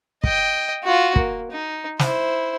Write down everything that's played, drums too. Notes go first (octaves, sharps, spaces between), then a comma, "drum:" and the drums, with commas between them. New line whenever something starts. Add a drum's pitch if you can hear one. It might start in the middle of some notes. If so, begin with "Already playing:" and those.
D#5 G5, drum: kick
F4 F#4
A#3, drum: kick
D#4
E4 C5, drum: snare